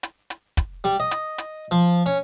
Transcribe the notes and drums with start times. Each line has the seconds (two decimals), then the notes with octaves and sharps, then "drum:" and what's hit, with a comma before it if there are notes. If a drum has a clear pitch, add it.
0.03 drum: hi-hat
0.30 drum: hi-hat
0.57 drum: kick, hi-hat
0.84 G3
1.00 D#5
1.11 drum: hi-hat
1.38 drum: hi-hat
1.71 F3
2.06 C#4